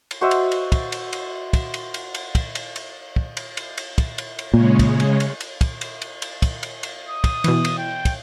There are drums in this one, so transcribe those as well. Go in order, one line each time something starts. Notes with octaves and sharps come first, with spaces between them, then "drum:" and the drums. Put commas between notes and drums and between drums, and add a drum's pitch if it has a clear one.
drum: cymbal
F#4 C5 D#5 E5
drum: cymbal
drum: cymbal
drum: kick, cymbal
drum: cymbal
drum: cymbal
drum: kick, cymbal
drum: cymbal
drum: cymbal
drum: cymbal
drum: kick, cymbal
drum: cymbal
drum: cymbal
drum: kick
drum: cymbal
drum: cymbal
drum: cymbal
drum: kick, cymbal
drum: cymbal
drum: cymbal
A#2 C#3 G#3 C#4
drum: kick, cymbal
drum: cymbal
drum: cymbal
drum: cymbal
drum: kick, cymbal
drum: cymbal
drum: cymbal
drum: cymbal
drum: kick, cymbal
drum: cymbal
drum: cymbal
D#6
drum: kick, cymbal
B2 E3, drum: cymbal
drum: cymbal
G5
drum: kick, cymbal